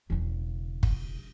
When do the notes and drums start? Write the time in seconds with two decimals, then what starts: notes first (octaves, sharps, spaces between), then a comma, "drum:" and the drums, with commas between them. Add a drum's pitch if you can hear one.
0.10 E1 C#3
0.83 drum: kick